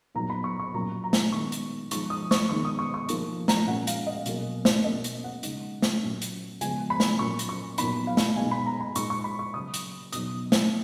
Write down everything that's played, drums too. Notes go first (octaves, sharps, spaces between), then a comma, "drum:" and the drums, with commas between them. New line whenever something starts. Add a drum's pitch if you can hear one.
A#2 F#3 B3 D#4 A#5
B5
C#6
C#6
A#2 F#3 C#4 A#5
A#5
drum: snare
D#3 G#3 B3 D#4 C#6
drum: hi-hat
F3 G#3 D#4 C#6, drum: hi-hat
D#6
C#6, drum: snare
D#3 G#3 B3 D#4 C#6
D#6
C#6
C#6
F3 A#3 D#4, drum: hi-hat
A#5, drum: snare
A#2 G#3 C#4 F#5
F5, drum: hi-hat
D#5
B2 F#3 A#3 C#4, drum: hi-hat
drum: snare
B2 A#3 C#4 D#5
drum: hi-hat
F#5
C#3 G#3 D#4, drum: hi-hat
drum: snare
A#2 F#3 C#4
drum: hi-hat
C#3 F3 G#3 B3 G#5, drum: hi-hat
B5
drum: snare
A#2 F#3 C#4 C#6
drum: hi-hat
C#6
A#2 F#3 B3 D#4 B5, drum: hi-hat
F5
drum: snare
B2 G#3 B3 D#4 G#5
B5
A#5
B5
A#2 G#3 D#4 C#6, drum: hi-hat
C#6
B5
C#6
C#3 F#3 C#4 D#6
drum: hi-hat
B2 F#3 B3 D#4 D#6, drum: hi-hat
drum: snare